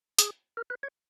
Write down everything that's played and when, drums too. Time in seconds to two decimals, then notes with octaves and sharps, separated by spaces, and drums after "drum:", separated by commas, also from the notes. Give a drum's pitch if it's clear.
0.19 G#4, drum: hi-hat
0.57 A#4
0.70 B4
0.83 C#5